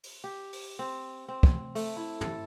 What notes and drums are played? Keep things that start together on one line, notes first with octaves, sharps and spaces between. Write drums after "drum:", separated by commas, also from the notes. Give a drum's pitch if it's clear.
drum: open hi-hat
G4
drum: open hi-hat
C4
C4
drum: kick
A3, drum: open hi-hat
E4
A4, drum: tom